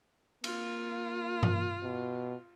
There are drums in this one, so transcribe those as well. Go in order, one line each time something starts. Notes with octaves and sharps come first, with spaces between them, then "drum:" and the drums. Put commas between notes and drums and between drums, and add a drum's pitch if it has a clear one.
A#3 F4, drum: cymbal
drum: tom G2
B2